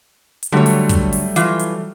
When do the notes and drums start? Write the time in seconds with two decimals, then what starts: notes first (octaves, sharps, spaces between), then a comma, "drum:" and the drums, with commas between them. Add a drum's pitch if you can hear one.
0.43 drum: hi-hat
0.52 D3 F#3 G3 A3 C#5
0.66 drum: open hi-hat
0.89 drum: kick, hi-hat
1.13 drum: open hi-hat
1.36 E3 F4, drum: hi-hat
1.59 drum: hi-hat